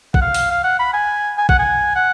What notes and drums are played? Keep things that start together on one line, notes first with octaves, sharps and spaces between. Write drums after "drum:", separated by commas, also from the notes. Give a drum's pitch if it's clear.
F#5, drum: kick
F5
drum: open hi-hat
F5
F#5
B5
G#5
G#5
F#5, drum: kick
G#5
F#5